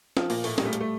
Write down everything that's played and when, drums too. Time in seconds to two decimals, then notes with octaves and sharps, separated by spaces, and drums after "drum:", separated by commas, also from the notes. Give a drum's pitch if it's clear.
0.17 F3 F4, drum: snare
0.30 A#2 A#3, drum: open hi-hat
0.44 A2 A3, drum: open hi-hat
0.58 G3, drum: snare
0.65 A3
0.73 G3, drum: hi-hat
0.80 A3